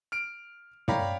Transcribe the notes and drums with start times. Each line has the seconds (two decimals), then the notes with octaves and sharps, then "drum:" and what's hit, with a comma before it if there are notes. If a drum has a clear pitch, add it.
0.12 F6 D7
0.88 C#5 D5 F5 G5 A#5 B5, drum: tom